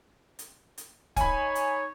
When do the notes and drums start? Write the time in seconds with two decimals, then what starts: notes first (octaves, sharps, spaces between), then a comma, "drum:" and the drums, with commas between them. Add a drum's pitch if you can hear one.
0.39 drum: hi-hat
0.78 drum: hi-hat
1.16 D#4 C#5 G#5 B5, drum: kick, hi-hat
1.55 drum: hi-hat